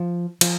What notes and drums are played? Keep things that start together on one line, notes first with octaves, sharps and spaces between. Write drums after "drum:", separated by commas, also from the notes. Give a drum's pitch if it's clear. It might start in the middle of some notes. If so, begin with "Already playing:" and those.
Already playing: F3
F3, drum: cymbal